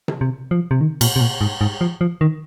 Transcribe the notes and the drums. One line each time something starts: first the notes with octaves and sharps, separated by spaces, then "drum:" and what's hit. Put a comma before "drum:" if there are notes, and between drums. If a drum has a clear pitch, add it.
drum: tom C3
C3
F3
C3
D#3
A#2, drum: cymbal
C3
A#2
G#2
G#2
F3
F3
D#3